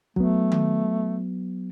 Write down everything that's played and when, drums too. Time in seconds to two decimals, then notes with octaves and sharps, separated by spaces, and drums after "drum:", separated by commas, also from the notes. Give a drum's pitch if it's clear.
0.16 F#3 A3 B3, drum: kick B1
0.52 drum: tom D#3